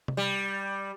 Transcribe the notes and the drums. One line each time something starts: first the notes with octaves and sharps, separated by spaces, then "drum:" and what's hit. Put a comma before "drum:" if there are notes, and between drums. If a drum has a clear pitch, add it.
drum: tom C3
G3